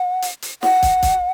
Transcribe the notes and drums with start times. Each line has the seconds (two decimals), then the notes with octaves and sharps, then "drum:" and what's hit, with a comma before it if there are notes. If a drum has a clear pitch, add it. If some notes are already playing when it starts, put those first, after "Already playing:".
Already playing: F#5
0.22 drum: hi-hat
0.42 drum: hi-hat
0.63 F#5, drum: snare
0.83 drum: kick, hi-hat
1.03 drum: kick, hi-hat